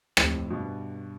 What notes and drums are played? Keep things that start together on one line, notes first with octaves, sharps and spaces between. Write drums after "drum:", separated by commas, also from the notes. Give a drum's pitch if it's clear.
F2 A2, drum: rim click
G2 B2